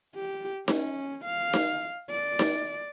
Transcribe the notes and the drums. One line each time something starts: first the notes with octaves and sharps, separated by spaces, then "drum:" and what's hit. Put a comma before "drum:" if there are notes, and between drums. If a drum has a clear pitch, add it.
G4
C#4, drum: snare D#4
F5
drum: snare D#4
D5
drum: snare D#4